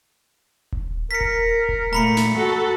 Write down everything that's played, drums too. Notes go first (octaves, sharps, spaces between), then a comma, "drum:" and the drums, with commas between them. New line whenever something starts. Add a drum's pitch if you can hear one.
drum: kick D#1
A#4 B6 C#7
drum: kick D#1
drum: kick D#1
A#2 A3 A#5 B5 C#7
drum: snare
F#4 A4